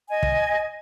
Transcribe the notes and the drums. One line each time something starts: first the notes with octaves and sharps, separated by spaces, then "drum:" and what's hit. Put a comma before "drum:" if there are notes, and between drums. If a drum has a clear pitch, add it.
D#5 G#5
drum: kick